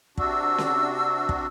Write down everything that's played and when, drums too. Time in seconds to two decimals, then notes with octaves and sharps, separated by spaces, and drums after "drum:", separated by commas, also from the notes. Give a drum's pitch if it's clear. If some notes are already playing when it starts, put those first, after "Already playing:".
0.18 C3 D4 F#4 E6, drum: kick
0.58 drum: snare C#4
1.29 drum: kick